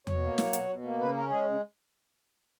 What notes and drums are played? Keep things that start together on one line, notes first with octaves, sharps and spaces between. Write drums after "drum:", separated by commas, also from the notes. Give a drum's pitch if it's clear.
B2 C#5, drum: tom E2
A#3
F#3, drum: snare
B2, drum: hi-hat
B2
A#3
C#3 B4
C#4 A#4
G#3 G#4
C#3